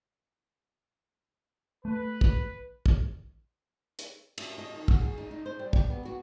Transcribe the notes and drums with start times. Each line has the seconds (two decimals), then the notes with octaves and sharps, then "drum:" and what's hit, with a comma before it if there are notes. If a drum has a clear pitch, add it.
1.85 A3 B4
2.21 drum: kick
2.86 drum: kick
3.99 drum: hi-hat
4.38 E5, drum: cymbal
4.58 D#5
4.75 D#3
4.88 F#4, drum: kick
5.00 G#4
5.18 D#4
5.31 D#4
5.46 C5
5.59 G3
5.73 G3, drum: kick
5.90 B3
6.05 F#4